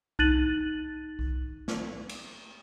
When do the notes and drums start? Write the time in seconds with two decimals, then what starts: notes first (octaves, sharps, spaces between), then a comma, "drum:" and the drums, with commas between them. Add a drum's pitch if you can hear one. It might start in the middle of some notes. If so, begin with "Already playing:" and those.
0.19 D#4 F#6 A6 D#7 F#7, drum: kick C2
1.19 drum: kick C2
1.68 drum: snare
2.09 drum: cymbal